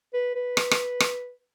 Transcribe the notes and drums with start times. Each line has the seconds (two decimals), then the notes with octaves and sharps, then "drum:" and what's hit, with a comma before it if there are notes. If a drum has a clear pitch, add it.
0.14 B4
0.35 B4
0.57 drum: rim click
0.71 drum: rim click
1.00 drum: rim click